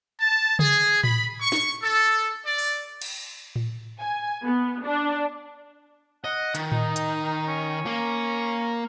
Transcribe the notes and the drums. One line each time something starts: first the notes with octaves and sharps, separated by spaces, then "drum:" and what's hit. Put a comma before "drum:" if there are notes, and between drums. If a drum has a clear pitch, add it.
A5
G#4, drum: tom C#3
B5, drum: tom A2
C#6
drum: snare
A4
D5
drum: open hi-hat
drum: cymbal
drum: tom A2
G#5
B3
D4
D#5 F#5
D#3, drum: hi-hat
D#4, drum: tom A2
drum: hi-hat
C#4
A#3